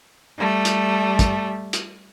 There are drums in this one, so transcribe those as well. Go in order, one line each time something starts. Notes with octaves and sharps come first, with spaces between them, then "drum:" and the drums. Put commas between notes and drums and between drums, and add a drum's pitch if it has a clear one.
G3 A3
drum: hi-hat
drum: kick, hi-hat
drum: hi-hat